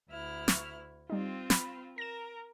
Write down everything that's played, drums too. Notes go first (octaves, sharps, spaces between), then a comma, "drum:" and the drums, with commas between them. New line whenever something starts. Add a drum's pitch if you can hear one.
D2 E4 F6
C#6, drum: snare
G3 C4 D#4 F4
B5, drum: snare
A#4 A#6 E7